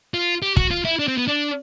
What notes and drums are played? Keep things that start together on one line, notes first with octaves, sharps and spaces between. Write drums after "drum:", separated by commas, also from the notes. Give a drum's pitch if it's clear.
F4
G4
F#4, drum: kick
F4
E4
D4
C4
B3
D4